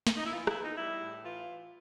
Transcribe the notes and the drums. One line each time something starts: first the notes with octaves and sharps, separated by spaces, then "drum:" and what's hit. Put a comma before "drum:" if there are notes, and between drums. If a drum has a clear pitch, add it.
drum: snare
D#4
E4
E3 F4
E4, drum: rim click
B3
D#4
G3 E4
A2
E3 F4